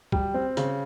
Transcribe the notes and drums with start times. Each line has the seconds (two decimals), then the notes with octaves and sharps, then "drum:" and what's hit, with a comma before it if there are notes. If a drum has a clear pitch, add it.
0.12 G3, drum: kick
0.34 C4
0.57 C#3, drum: hi-hat